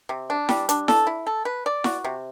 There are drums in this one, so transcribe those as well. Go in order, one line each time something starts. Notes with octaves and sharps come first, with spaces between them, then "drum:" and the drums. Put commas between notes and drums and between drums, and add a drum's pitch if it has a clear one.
C3
D4
G3, drum: snare E4
D4, drum: hi-hat
A4, drum: snare E4
E4
A4
B4
D5
F#4, drum: snare E4
C3